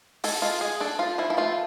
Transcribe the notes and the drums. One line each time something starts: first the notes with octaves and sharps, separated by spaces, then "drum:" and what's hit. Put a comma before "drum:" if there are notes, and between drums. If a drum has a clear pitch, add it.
G#3 A4, drum: open hi-hat
G#3 F4
G#3 G#4
D4 A4
F3 F4
F3 E4
E4
A3 F4